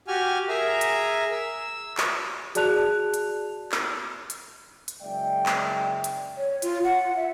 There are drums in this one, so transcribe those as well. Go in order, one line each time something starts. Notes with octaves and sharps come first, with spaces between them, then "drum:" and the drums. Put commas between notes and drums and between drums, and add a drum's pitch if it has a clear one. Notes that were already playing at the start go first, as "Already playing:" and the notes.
F#4 G4 G#5 F6
G#4 A#4 E5 G#5 A#5
drum: hi-hat
E6
drum: clap
F#4 G#4 D5 A5 F#6 F7, drum: hi-hat
drum: hi-hat
drum: clap
drum: hi-hat
drum: hi-hat
F#1 G#3 D5 E5 G5
drum: clap
drum: hi-hat
C#5
F4, drum: hi-hat
F#5
E5